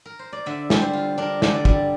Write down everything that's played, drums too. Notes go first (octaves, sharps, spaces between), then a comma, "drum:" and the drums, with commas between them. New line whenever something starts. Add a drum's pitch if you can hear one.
A#4
C5
D5
D3 E5
G3, drum: snare
C5
F4
D4 A#4
D3, drum: snare
D5
G3, drum: kick